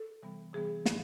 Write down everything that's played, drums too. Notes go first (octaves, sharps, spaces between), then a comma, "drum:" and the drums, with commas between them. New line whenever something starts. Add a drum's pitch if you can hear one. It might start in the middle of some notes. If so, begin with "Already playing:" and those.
Already playing: A4
C3 E3 G3 B3
C3 E3 G3 B3 G#4
A2 F3 G#3 B3, drum: snare